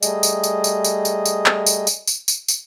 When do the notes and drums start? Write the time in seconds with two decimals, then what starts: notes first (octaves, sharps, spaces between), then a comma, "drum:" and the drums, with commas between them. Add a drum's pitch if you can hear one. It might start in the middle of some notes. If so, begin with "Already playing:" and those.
0.03 G3 A3 G#4 D#5, drum: tambourine
0.23 drum: tambourine
0.44 drum: tambourine
0.64 drum: tambourine
0.85 drum: tambourine
1.05 drum: tambourine
1.25 drum: tambourine
1.46 drum: clap
1.66 drum: tambourine
1.87 drum: tambourine
2.07 drum: tambourine
2.28 drum: tambourine
2.48 drum: tambourine